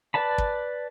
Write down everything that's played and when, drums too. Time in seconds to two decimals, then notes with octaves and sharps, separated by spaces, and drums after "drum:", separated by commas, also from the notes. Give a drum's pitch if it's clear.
0.14 B4 D5 A5 B5
0.38 drum: kick